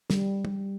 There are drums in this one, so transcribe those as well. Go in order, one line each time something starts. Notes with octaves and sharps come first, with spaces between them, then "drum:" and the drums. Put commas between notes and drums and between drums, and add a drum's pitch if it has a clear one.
G3, drum: snare
drum: tom